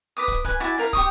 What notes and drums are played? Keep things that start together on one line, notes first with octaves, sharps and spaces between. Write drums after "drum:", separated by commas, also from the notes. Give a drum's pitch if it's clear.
B4 D6 D#6
drum: kick, hi-hat
B4 G#5, drum: kick, hi-hat
E4 F#4 D5 G#5, drum: hi-hat
E4 A#4 F5, drum: hi-hat
G4 C#6 D#6, drum: kick, hi-hat